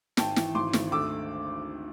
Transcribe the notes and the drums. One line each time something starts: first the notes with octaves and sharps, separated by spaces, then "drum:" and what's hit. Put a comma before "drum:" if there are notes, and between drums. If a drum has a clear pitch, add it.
G#1 G5 A5, drum: snare
E3, drum: snare
G#1 C6 D6
G#1, drum: snare
D2 D6 E6